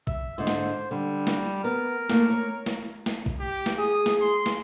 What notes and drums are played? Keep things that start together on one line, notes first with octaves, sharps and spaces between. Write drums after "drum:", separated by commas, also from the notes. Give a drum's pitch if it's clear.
E5, drum: kick
G#2 D3 C5
drum: snare
D3 G3
drum: snare
B3 A#4
A3 A#3, drum: snare
C#5
drum: snare
drum: snare
drum: kick
G4
drum: snare
G#4 D#6
drum: snare
C6
drum: snare